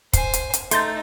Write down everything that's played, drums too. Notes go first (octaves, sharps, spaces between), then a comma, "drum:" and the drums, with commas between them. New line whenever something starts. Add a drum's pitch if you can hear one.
C5 G#5 C7, drum: kick, hi-hat
drum: hi-hat
drum: hi-hat
A3 D#4 C6 G6 A6, drum: hi-hat